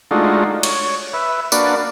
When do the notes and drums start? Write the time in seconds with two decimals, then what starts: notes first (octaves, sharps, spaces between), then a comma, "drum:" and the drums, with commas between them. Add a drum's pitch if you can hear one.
0.11 G#3 A3 D4 D#4 F4 F#4
0.63 C#5, drum: cymbal
1.14 B4 E5
1.52 A#3 D4 F#4 B4 D5, drum: tambourine